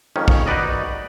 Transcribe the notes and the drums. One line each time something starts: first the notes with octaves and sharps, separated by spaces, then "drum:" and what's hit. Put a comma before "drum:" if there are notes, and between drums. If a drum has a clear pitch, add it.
F2 G#2 D#3 C#4
drum: kick
D#4 F#4 B4 D5 D#5